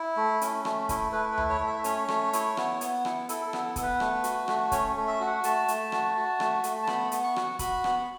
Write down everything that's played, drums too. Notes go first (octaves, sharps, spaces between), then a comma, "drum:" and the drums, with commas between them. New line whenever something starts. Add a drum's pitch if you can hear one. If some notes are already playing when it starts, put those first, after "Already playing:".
Already playing: E4
A3
C#4, drum: hi-hat
A3, drum: rim click
E4, drum: kick C#1, hi-hat
A3 B4
B4
E4, drum: tom D2
C#5
A3
E5
C#4 C#5, drum: hi-hat
A3, drum: rim click
E4, drum: hi-hat
B3, drum: rim click
B3, drum: hi-hat
E4, drum: rim click
E4 A4, drum: hi-hat
A4
B3, drum: rim click
A4
B3, drum: kick C#1, hi-hat
B4
A3, drum: rim click
F#4, drum: hi-hat
A3, drum: rim click
C#4 C#5, drum: kick C#1, hi-hat
A3
E5
F#4
F#5
A3 A5, drum: hi-hat
A3, drum: hi-hat
F#4, drum: rim click
F#4
A3, drum: rim click
A3, drum: hi-hat
A5
B3 B5, drum: rim click
B3, drum: hi-hat
C#6
F#4, drum: rim click
F#4 B5, drum: kick C#1, hi-hat
B3, drum: rim click